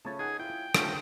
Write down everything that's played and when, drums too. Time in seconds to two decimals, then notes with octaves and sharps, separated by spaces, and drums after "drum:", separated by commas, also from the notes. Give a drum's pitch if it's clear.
0.05 C#3 A3 C#4 C#5 A5
0.19 D#4 G#4 F#5 G#5
0.39 E4 F4 G5
0.75 D3 D#3 F3 G#3 A3 C#4, drum: rim click